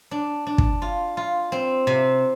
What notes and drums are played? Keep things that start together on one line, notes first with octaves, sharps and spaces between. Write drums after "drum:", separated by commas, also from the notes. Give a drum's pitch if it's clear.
D4
D4
drum: kick
F4
F4
C4
C3